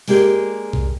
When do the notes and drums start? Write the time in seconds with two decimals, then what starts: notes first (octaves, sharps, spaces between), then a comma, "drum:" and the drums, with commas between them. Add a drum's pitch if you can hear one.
0.08 G#3 A#3 D4 G4 G#4, drum: open hi-hat
0.73 drum: kick C2